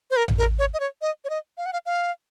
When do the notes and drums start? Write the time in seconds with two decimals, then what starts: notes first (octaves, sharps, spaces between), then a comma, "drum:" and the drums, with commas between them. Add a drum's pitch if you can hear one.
0.11 C5
0.17 A#4
0.28 drum: tom A1
0.38 A#4
0.59 C#5
0.74 D#5
0.80 C#5
1.02 D#5
1.25 C#5
1.30 D#5
1.58 F5
1.66 F#5
1.73 F5
1.86 F5